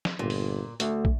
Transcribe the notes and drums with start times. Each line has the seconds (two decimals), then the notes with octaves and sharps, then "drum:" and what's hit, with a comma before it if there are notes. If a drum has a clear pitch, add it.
0.05 drum: snare
0.19 G1 A#2
0.30 drum: open hi-hat
0.80 D2 A3, drum: hi-hat
1.05 drum: kick